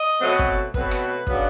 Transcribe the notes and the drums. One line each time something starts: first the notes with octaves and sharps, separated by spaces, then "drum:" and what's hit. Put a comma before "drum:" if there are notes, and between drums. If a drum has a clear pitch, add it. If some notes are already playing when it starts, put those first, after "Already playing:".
Already playing: D#5
B2 F#3 A3 C4
drum: kick
B2 F#3 A3 C4 B4, drum: kick
drum: rim click
C#3 F#3 B3 D4, drum: kick